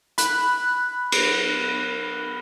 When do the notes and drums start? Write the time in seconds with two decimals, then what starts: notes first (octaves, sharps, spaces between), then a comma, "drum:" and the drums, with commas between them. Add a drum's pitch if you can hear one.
0.18 B5 F#6, drum: hi-hat
1.12 drum: cymbal